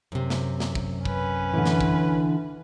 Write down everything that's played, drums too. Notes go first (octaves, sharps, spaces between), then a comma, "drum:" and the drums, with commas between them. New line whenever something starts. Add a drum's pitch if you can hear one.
F#2 C3
drum: snare
drum: snare
drum: kick
C#4 B4, drum: kick
D3 E3
drum: snare
drum: kick